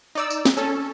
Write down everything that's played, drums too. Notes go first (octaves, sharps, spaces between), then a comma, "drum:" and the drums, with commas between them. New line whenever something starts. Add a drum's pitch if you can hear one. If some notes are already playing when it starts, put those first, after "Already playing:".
D#4 D5 E6
drum: tambourine
drum: snare
C#4 A4